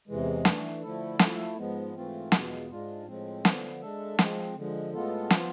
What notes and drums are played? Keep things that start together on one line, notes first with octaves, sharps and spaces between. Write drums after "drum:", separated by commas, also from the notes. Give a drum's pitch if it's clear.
E2 C3 E3 G#3
E3 A3 D4, drum: snare
D3 F3 A3 E4 A4
F3 A3 E4 A4, drum: snare
G#2 F3 G#3 B3
G#2 E3 A3 C4 F4
E2 B2 G#3 B3 F4, drum: snare
G#2 G#3 D4 F4
A2 F3 G#3 C4
D3 F3 B3, drum: snare
G#3 D4 A4 E5
F3 G#3 C4, drum: snare
D3 F3 G#3
A2 G#3 B3 F4 A4
F3 B3 F4, drum: snare